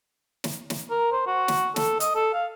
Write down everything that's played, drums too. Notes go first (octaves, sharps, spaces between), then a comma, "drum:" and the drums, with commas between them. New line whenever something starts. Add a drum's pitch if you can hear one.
drum: snare
drum: snare
A#4
C5
F#4
drum: snare
A4, drum: snare
D#5, drum: hi-hat
A4
F5